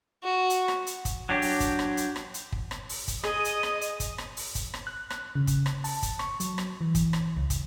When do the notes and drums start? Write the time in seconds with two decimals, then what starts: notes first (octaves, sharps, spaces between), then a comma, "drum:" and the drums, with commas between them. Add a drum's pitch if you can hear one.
0.23 F#4
0.50 drum: hi-hat
0.68 drum: rim click
0.87 drum: hi-hat
1.05 drum: kick, hi-hat
1.29 F#3 D4 G4
1.42 drum: open hi-hat
1.60 drum: kick, hi-hat
1.79 drum: rim click
1.97 drum: hi-hat
2.16 drum: rim click
2.34 drum: hi-hat
2.52 drum: kick
2.71 drum: rim click
2.89 drum: open hi-hat
3.08 drum: kick, hi-hat
3.24 G#4 D#5 D#6, drum: rim click
3.45 drum: hi-hat
3.63 drum: rim click
3.81 drum: hi-hat
4.00 drum: kick, hi-hat
4.18 drum: rim click
4.37 drum: open hi-hat
4.55 drum: kick, hi-hat
4.74 drum: rim click
4.87 F#6
5.10 drum: rim click
5.35 C#3
5.47 drum: kick, hi-hat
5.66 drum: rim click
5.84 A5, drum: open hi-hat
6.03 drum: kick, hi-hat
6.19 C#6, drum: rim click
6.40 F#3, drum: hi-hat
6.58 drum: rim click
6.81 E3
6.95 drum: kick, hi-hat
7.13 drum: rim click
7.37 C#2
7.50 drum: kick, hi-hat